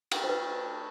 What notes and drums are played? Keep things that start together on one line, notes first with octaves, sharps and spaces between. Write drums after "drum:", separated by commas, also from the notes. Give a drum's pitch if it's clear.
drum: cymbal
C5
B4